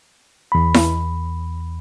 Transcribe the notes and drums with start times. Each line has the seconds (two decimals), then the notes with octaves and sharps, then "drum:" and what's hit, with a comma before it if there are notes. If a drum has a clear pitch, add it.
0.52 E2 B5
0.74 drum: snare E4